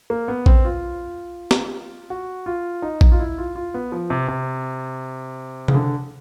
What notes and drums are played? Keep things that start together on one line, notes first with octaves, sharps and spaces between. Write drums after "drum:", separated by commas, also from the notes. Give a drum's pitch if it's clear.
A#3
B3
C4, drum: kick A#1
F4
drum: snare
F#4
F4
D#4
D#4, drum: kick A#1
F4
E4
F4
F4
B3
F3
C3
C3
C#3, drum: tom C3
D3